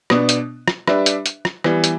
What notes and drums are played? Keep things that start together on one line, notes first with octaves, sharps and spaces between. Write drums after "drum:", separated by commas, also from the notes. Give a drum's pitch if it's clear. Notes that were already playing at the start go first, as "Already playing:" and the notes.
B2 B3 D4, drum: rim click
drum: hi-hat
drum: rim click
G3 D4 B4 E5, drum: rim click
drum: hi-hat
drum: hi-hat
drum: rim click
E3 G3 B3, drum: rim click
drum: hi-hat